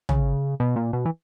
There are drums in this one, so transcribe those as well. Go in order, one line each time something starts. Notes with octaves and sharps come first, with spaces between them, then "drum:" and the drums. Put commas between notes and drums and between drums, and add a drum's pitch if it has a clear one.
C#3, drum: tom
B2
A#2
B2
E3